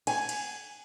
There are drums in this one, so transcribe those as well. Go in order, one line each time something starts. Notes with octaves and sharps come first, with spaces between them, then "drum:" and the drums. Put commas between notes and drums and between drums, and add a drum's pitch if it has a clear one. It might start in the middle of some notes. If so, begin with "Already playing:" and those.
G#5, drum: cymbal
drum: cymbal